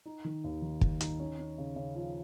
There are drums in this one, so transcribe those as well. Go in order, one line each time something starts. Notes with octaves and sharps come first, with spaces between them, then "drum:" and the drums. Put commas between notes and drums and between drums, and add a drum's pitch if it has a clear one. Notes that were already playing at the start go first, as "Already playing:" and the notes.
D#4
D#3
D#2
D#3
D#3, drum: kick
D#4, drum: hi-hat
C#4
C#4
C#3
C#3
F3